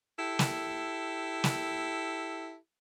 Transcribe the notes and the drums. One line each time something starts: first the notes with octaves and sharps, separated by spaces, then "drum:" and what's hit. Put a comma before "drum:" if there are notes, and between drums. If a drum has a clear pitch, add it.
E4 G4 A4
drum: snare
drum: snare